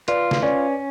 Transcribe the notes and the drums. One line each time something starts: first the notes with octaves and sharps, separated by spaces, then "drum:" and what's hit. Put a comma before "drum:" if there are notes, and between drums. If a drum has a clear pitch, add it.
F4 B4 D5, drum: hi-hat
drum: snare
C#4 B4 D5